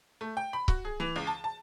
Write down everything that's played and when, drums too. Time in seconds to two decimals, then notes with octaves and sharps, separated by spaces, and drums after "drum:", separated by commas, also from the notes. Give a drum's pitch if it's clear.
0.21 A3
0.37 G5
0.53 B5
0.68 F#4, drum: kick C#1
0.85 G#4
1.00 E3
1.16 C#2
1.27 A5
1.44 A5